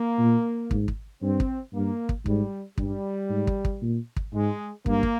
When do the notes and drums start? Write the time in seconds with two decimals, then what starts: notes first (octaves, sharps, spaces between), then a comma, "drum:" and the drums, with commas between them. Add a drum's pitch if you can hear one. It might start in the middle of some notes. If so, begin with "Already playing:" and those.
Already playing: A#3
0.19 A#2
0.71 G#2, drum: kick
0.88 drum: kick
1.22 G2 C4
1.40 drum: kick
1.74 G2 A#3
2.09 drum: kick
2.26 G#2 G3, drum: kick
2.78 G2 G3, drum: kick
3.30 G#2
3.47 drum: kick
3.65 drum: kick
3.82 A#2
4.16 drum: kick
4.34 G#2 G#3
4.86 G2 A#3, drum: kick
5.03 drum: kick